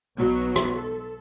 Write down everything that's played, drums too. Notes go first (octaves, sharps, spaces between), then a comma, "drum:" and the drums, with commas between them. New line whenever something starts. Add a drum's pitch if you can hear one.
B1 B2 F#3
drum: rim click
A4